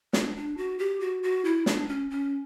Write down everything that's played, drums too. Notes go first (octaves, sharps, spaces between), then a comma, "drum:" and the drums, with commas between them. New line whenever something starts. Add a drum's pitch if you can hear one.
D4, drum: snare
D4
F#4
G4
F#4
F#4
E4
D4, drum: snare
C#4
C#4